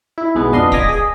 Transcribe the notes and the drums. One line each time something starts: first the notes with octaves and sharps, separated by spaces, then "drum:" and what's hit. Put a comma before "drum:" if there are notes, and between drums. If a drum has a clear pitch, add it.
E4
B1 G#3 B3
F2 B3 D4 D#5 F5 C6
D#5 G#5 A#5 D6 A#6 B6, drum: kick
G#4 D#5